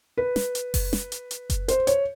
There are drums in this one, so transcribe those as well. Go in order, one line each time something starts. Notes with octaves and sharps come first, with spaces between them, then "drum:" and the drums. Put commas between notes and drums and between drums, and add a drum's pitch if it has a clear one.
B4
drum: snare
drum: hi-hat
drum: kick F#1, open hi-hat
drum: snare
drum: hi-hat
drum: hi-hat
drum: kick F#1, hi-hat
C5, drum: hi-hat
C#5, drum: hi-hat